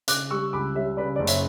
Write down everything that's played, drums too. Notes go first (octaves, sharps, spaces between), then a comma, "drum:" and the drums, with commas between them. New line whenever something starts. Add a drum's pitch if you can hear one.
C#3 D6 F#6, drum: hi-hat
G3 C#6 E6
C#2 B5 D6
G3 C#5 E5
C#3 B4 D5
F#1 D5
C#5 E5, drum: hi-hat